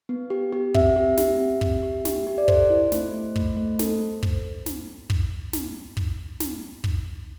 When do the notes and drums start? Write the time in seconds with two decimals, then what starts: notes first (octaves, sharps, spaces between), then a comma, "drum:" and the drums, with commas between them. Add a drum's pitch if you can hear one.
0.09 B3
0.30 G4
0.52 G4
0.74 C4 E5, drum: kick
0.96 G4
1.17 G4, drum: snare
1.40 C4
1.61 G4, drum: kick
1.83 G4
2.05 G4, drum: snare
2.27 G4
2.38 D5
2.48 A4 C5, drum: kick
2.70 E4
2.92 A3, drum: snare
3.14 A3
3.36 A3, drum: kick
3.57 A3
3.79 A4, drum: snare
4.23 drum: kick
4.66 drum: snare
5.10 drum: kick
5.53 drum: snare
5.97 drum: kick
6.40 drum: snare
6.84 drum: kick